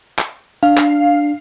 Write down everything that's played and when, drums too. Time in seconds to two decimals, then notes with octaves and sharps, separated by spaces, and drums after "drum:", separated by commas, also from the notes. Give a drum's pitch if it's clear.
0.18 drum: clap
0.63 D4 F5
0.77 drum: clap